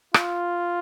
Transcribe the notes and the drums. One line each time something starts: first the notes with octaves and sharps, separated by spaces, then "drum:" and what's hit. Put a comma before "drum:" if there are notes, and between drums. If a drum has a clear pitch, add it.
F4, drum: rim click